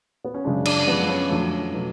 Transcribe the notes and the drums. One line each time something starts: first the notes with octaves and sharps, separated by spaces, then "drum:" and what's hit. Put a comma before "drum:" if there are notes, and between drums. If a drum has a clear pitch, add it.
B3
C#4
F#2 C#3 G#3 D4
D4, drum: cymbal
F#2 F3 G#3 B3
C#4
F2 D3 F#3 A3
B2 F#3 A3